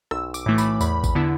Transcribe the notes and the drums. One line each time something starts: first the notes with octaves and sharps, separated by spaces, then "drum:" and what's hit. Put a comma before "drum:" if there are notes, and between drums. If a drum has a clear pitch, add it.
B1 E6, drum: rim click
D6, drum: tambourine
A2 E3 A3
B5, drum: tambourine
E2 B5, drum: tambourine
drum: kick, tambourine
D3 B3 E4